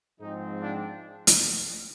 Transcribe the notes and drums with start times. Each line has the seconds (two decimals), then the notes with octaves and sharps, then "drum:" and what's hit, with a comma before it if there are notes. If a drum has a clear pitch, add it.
0.20 G#2 F3 G#3 C4 D#4
0.60 D4 F4
1.27 drum: hi-hat